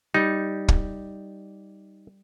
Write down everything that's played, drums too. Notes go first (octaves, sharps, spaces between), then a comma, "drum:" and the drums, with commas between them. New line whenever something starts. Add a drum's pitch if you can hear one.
G3 D#4
drum: kick